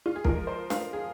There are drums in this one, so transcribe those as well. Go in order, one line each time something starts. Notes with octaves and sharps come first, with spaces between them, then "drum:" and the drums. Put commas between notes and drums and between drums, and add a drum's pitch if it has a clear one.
F4
G#4
F3 G#3 F4 A#4, drum: kick
C5
F5, drum: snare
G#4